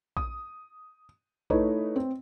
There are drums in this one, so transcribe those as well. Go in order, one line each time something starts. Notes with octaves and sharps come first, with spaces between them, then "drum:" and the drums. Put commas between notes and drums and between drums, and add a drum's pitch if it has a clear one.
D#6, drum: kick A#1
A3 D#4 E4 B4 C#5 D#5, drum: kick A#1
C4